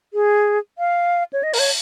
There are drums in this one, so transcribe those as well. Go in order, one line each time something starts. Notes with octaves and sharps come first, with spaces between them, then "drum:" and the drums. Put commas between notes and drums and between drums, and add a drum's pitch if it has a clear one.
G#4
F5
C#5
D#5
A#4, drum: open hi-hat
C#5